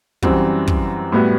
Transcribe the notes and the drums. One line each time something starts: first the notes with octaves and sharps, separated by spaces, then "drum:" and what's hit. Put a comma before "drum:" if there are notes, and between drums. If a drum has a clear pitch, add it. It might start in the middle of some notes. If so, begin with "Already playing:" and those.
F#2 E3 G3 C4 F#4, drum: kick
drum: kick
A2 G3 B3 F#4